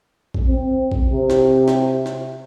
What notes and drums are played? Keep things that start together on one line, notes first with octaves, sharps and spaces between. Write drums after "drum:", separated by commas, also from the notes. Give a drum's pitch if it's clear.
drum: kick A#1
C4
drum: kick A#1
C3
drum: snare
drum: snare
drum: snare